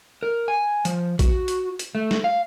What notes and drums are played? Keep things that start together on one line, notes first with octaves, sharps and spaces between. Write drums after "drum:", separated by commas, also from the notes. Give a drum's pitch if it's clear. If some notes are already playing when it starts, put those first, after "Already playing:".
A#4
G#5
F3, drum: hi-hat
F#4, drum: kick A#1, hi-hat
drum: hi-hat
drum: hi-hat
A3
drum: snare
F5